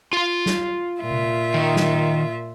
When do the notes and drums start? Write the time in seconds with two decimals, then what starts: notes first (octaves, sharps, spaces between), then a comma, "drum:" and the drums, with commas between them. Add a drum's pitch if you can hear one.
0.13 F4 C6
0.46 drum: snare
1.00 A#2 F4 E5
1.11 drum: tom C3
1.54 D#3
1.76 drum: snare